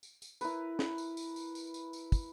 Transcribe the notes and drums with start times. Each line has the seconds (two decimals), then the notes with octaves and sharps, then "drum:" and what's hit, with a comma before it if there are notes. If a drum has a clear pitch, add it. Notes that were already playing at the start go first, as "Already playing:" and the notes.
0.03 drum: tambourine
0.22 drum: tambourine
0.41 E4 A#4 B4, drum: tambourine
0.79 drum: snare
0.98 drum: tambourine
1.17 drum: tambourine
1.36 drum: tambourine
1.55 drum: tambourine
1.74 drum: tambourine
1.93 drum: tambourine
2.12 drum: kick, tambourine